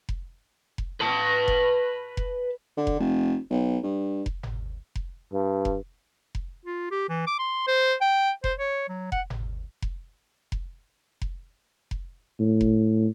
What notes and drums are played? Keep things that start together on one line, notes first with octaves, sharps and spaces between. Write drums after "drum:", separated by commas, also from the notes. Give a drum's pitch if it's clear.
drum: kick F1
drum: kick F1
B4 A5
drum: kick F1
drum: kick F1
D3
drum: kick F1
F1
B1
G2
drum: kick F1
drum: tom G1
drum: kick F1
G2
drum: kick F1
drum: kick F1
F4
G4
E3
D6
C6
C5
G5
C5, drum: kick F1
C#5
F#3
F#5, drum: kick F1
drum: tom G1
drum: kick F1
drum: kick F1
drum: kick F1
drum: kick F1
A2
drum: kick F1